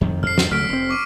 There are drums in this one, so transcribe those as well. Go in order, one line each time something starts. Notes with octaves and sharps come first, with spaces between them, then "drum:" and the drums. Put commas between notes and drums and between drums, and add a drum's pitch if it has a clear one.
F2 D#3
F2 F6 C7
drum: snare
C#2 F#3 A3 F6 B6 D7
F1 C4
C#6 D6 D#7